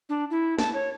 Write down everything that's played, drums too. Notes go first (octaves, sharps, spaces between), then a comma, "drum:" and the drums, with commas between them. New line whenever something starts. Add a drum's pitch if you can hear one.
D4
E4
A5, drum: snare
C#5